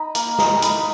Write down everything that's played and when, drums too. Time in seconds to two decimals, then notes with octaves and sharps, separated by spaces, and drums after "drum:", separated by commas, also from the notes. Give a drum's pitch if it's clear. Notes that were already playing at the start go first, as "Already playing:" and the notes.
Already playing: D#4 B5
0.15 A#3, drum: hi-hat
0.39 D#4, drum: snare
0.62 D#4 B5, drum: hi-hat